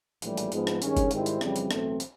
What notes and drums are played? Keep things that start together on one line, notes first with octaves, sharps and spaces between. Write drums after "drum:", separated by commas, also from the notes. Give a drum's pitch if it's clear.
A#1 A2 E3 G3, drum: hi-hat
drum: hi-hat
G#2 F3 G#3 B3, drum: hi-hat
drum: rim click
G2 D#3 G#3 C#4, drum: hi-hat
drum: kick F#1, hi-hat
G#2 D#3 G3 C4 E4, drum: hi-hat
drum: hi-hat
F2 C#3 E3 G3 C4, drum: rim click
drum: hi-hat
B1 A2 E3 A3 C4, drum: rim click
drum: hi-hat